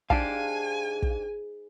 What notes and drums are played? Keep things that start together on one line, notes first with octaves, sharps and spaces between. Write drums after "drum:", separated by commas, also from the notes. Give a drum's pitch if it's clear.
G#2 D4 G4 F5 G#5 A5, drum: kick
drum: kick